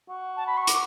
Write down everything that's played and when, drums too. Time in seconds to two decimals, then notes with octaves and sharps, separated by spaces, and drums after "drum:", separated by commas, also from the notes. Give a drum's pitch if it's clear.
0.09 F#4
0.37 A5
0.47 B5
0.57 C#6
0.67 D6, drum: hi-hat